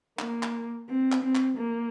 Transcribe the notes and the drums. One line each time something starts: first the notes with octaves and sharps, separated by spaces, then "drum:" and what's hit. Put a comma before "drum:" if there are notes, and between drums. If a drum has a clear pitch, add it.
A#3, drum: clap
drum: clap
C4
drum: clap
C4
drum: clap
A#3